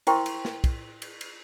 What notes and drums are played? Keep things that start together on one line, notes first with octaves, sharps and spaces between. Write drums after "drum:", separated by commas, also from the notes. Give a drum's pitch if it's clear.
E4 A#4 C5 G5 C6 C#6, drum: cymbal
drum: cymbal
drum: snare
drum: kick, cymbal
drum: cymbal
drum: cymbal